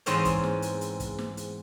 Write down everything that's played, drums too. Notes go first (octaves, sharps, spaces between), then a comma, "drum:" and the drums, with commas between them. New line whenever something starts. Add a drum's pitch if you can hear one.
E2 G#2 C4 C#5, drum: hi-hat
drum: kick, hi-hat
drum: snare
drum: hi-hat
drum: hi-hat
drum: kick, hi-hat
drum: snare
drum: hi-hat